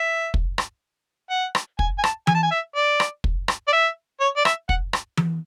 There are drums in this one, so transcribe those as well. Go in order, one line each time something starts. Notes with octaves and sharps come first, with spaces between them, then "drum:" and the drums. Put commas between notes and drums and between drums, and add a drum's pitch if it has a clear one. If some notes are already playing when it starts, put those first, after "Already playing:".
Already playing: E5
drum: kick
drum: rim click
F#5
drum: rim click
G#5, drum: kick
G#5
A5, drum: rim click
G#5, drum: tom E3
A5
G#5
E5
D5
drum: rim click
drum: kick
drum: rim click
D5
E5
C#5
D5
E5, drum: rim click
F#5, drum: kick
drum: rim click
drum: tom E3